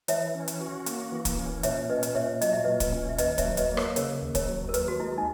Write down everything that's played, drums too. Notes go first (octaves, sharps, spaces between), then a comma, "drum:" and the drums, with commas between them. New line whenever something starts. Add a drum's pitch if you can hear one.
E3 C#5 E5, drum: hi-hat
C#4
drum: hi-hat
F#4
A#3, drum: hi-hat
E3
drum: kick, hi-hat
C#4
A#2 C#5 E5, drum: hi-hat
C#4 B4 D#5
drum: hi-hat
A#2 C#5 E5
F#3 D#5, drum: hi-hat
E5
A#2 B4 D#5
drum: kick, hi-hat
C#4
E5
D#2 B4 D#5, drum: hi-hat
C#5 E5, drum: kick, hi-hat
F#3
B4 D#5, drum: hi-hat
A#3
A#4 C#5, drum: rim click
C#3 A#4 C#5, drum: hi-hat
D#2
A#4 C#5, drum: kick, hi-hat
F#3
A#4
D#2 B4, drum: hi-hat
F#4
G#3 E4
D#4